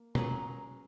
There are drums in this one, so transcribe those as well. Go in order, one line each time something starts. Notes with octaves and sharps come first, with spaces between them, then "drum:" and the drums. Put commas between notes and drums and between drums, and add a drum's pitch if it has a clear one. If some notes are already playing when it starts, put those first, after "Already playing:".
Already playing: A#3
F#3 C#4 G#4 B4 A#5, drum: tom